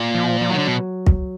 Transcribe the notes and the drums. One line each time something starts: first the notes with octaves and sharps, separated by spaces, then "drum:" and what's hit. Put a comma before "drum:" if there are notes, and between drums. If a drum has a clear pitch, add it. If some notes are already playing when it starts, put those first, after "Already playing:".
Already playing: A#2
F3
F3
D#3 F#3
D3
B2
drum: kick